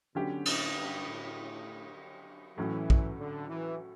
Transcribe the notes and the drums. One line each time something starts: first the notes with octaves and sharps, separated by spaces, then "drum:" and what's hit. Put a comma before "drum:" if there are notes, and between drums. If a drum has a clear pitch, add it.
B2 D3 F#3 C#4 G4
A2, drum: cymbal
G2
A2
A2 E3 F#3 C#4
drum: kick A#1
D3
E3